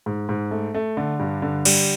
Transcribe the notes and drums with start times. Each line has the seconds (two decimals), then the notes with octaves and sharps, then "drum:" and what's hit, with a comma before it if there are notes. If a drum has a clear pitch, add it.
0.06 G#2
0.29 G#2
0.51 A3
0.74 A3
0.97 D3
1.20 G2
1.42 D3
1.65 G3, drum: cymbal